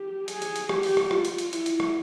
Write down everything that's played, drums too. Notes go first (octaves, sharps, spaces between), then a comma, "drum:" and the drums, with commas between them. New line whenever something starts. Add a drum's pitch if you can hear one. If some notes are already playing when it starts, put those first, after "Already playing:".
Already playing: G4
G#4, drum: hi-hat
drum: hi-hat
drum: hi-hat
G4, drum: rim click
drum: open hi-hat
drum: rim click
F4, drum: rim click
drum: hi-hat
drum: hi-hat
E4, drum: hi-hat
drum: hi-hat
drum: rim click